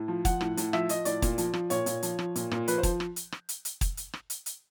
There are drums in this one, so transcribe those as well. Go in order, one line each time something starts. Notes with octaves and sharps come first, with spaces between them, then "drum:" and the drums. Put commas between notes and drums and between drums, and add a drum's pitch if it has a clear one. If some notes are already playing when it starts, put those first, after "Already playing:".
Already playing: A2
F3
F3 F#5, drum: kick, hi-hat
A2, drum: rim click
A2, drum: hi-hat
F3 E5, drum: rim click
F3 D#5, drum: hi-hat
A2 D5, drum: hi-hat
A#2, drum: kick, hi-hat
F3, drum: hi-hat
F3, drum: rim click
A#2 C#5, drum: hi-hat
A#2, drum: hi-hat
F3, drum: hi-hat
F3, drum: rim click
A#2, drum: hi-hat
A#2, drum: rim click
F3 B4, drum: hi-hat
C5
F3, drum: kick, hi-hat
drum: rim click
drum: hi-hat
drum: rim click
drum: hi-hat
drum: hi-hat
drum: kick, hi-hat
drum: hi-hat
drum: rim click
drum: hi-hat
drum: hi-hat